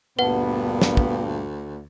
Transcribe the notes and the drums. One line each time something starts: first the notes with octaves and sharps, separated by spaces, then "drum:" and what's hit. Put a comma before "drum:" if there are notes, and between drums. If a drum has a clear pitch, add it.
D2 G2 A#2 B3 B4 F#5
drum: snare
drum: kick